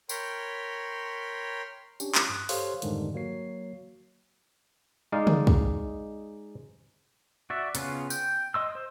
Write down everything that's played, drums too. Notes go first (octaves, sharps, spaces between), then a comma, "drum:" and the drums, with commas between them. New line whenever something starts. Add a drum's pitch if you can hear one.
A#4 C#5 G5 B5 C6, drum: tambourine
C#4 D4 G4, drum: tambourine
drum: clap
G2 D#6 F#6
G4 A4 C5 C#5 F5 C6, drum: open hi-hat
F2 G#2 D3 D#3 G3, drum: hi-hat
F#3 A#3 F#4 C#5 C7
G#3 D#4 D5 F5
drum: tom C#3
drum: kick
F#4 D5 E5
C#3 B3 C#4 F4, drum: hi-hat
G5, drum: tambourine
D#5 C6 E6
C5